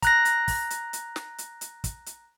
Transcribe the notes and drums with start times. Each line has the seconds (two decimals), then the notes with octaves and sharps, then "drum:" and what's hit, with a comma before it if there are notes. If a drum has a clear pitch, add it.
0.02 A#5 F#6 A#6, drum: kick, hi-hat
0.25 drum: hi-hat
0.48 drum: kick, open hi-hat
0.70 drum: hi-hat
0.93 drum: hi-hat
1.16 drum: snare
1.38 drum: hi-hat
1.61 drum: hi-hat
1.84 drum: kick, hi-hat
2.06 drum: hi-hat